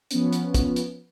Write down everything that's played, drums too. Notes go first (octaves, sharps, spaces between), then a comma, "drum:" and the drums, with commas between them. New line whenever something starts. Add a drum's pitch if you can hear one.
F3 B3 C#4, drum: hi-hat
drum: hi-hat
drum: kick, hi-hat
drum: hi-hat